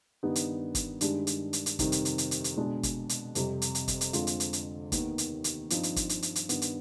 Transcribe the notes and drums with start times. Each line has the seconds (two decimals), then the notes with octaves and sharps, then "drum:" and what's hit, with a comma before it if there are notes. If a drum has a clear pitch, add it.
0.23 G2 D#3 B3 D#4 G4
0.35 drum: hi-hat
0.75 drum: kick, hi-hat
1.01 G2 D#3 G#3 D4 G4, drum: hi-hat
1.27 drum: hi-hat
1.53 drum: hi-hat
1.66 drum: hi-hat
1.79 F2 C3 D#3 G3 C4, drum: kick, hi-hat
1.92 drum: hi-hat
2.05 drum: hi-hat
2.18 drum: hi-hat
2.31 drum: hi-hat
2.44 drum: hi-hat
2.57 B2 G#3 D4
2.83 drum: kick, hi-hat
3.09 drum: hi-hat
3.35 F2 C3 G3, drum: hi-hat
3.62 drum: hi-hat
3.75 drum: hi-hat
3.88 drum: kick, hi-hat
4.01 drum: hi-hat
4.13 F2 D3 G#3 C4 F4, drum: hi-hat
4.27 drum: hi-hat
4.40 drum: hi-hat
4.53 drum: hi-hat
4.92 D#2 D#3 B3, drum: kick, hi-hat
5.18 drum: hi-hat
5.44 drum: hi-hat
5.70 G2 F3 C4 D#4, drum: hi-hat
5.83 drum: hi-hat
5.96 drum: kick, hi-hat
6.09 drum: hi-hat
6.22 drum: hi-hat
6.35 drum: hi-hat
6.49 G2 D#3 B3, drum: hi-hat
6.62 drum: hi-hat